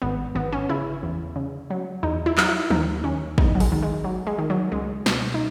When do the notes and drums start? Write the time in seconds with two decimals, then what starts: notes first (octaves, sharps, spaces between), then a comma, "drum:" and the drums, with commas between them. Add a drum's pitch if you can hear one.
0.02 G#1 B3
0.35 G#1 B3
0.52 C#4
0.69 C#3 E4
1.03 E2
1.36 C#3
1.70 F#3
2.03 E2 D#4
2.26 E4
2.38 F#3, drum: clap
2.43 D#4
2.49 E4
2.70 D#2 D#4, drum: tom D#3
3.04 D#2 C#4
3.38 E2 D#4, drum: kick
3.55 F#3
3.60 G#3, drum: open hi-hat
3.72 D#3
3.83 G#3
4.04 F#3
4.27 G#3
4.38 D#3
4.50 F#3
4.72 C#2 G#3
5.06 B2, drum: snare
5.34 D#4